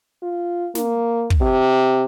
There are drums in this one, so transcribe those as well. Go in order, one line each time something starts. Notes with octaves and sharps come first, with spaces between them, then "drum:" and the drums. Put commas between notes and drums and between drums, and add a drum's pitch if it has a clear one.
F4
A#3, drum: snare
drum: kick
C3